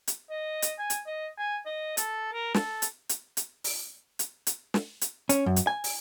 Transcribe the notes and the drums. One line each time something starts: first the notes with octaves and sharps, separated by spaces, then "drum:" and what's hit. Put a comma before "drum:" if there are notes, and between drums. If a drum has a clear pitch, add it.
drum: hi-hat
D#5
drum: hi-hat
G#5
drum: hi-hat
D#5
G#5
D#5
A4, drum: hi-hat
A#4
A4, drum: snare
drum: hi-hat
drum: hi-hat
drum: hi-hat
drum: open hi-hat
drum: hi-hat
drum: hi-hat
drum: snare
drum: hi-hat
C#4, drum: hi-hat
F#2
drum: hi-hat
G#5
drum: open hi-hat